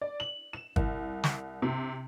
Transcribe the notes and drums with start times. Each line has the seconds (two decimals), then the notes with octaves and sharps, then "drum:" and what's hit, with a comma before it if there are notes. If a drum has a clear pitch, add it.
0.01 D5
0.20 F#7
0.53 E7
0.76 C2, drum: kick
1.24 drum: snare
1.62 C3